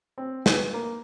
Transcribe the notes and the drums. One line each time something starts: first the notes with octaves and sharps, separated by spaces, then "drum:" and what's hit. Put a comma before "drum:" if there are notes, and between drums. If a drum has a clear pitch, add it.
C4
B4, drum: snare
A#3